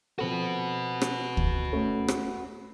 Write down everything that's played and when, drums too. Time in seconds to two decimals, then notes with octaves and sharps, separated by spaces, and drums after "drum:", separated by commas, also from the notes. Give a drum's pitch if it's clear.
0.19 F3 C4 F#4 A4 B4
1.02 drum: rim click
1.37 drum: kick
1.73 A3 C#4 A4
2.08 drum: rim click